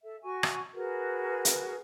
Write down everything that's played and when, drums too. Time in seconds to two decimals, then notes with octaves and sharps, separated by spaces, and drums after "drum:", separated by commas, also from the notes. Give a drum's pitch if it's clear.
0.02 A4 E5
0.24 F#4 G#5 C#6
0.43 drum: rim click
0.74 F#4 G#4 A#4 B4
1.45 drum: hi-hat